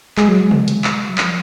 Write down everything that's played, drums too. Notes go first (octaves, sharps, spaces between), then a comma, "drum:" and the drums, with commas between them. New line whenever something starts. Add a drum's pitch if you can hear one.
G#3, drum: clap
F#3
G#3
drum: tom C3
drum: hi-hat
drum: clap
F#3
F3, drum: clap